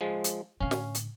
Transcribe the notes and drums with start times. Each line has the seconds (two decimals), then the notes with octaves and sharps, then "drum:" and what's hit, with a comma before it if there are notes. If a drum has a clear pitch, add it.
0.01 F3 G#3
0.24 drum: hi-hat
0.61 A2 D3 C#4 F5
0.71 drum: snare
0.95 drum: hi-hat